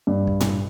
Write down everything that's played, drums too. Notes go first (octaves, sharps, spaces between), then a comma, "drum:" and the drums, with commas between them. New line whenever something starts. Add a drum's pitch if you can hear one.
G2
drum: kick
drum: tom A2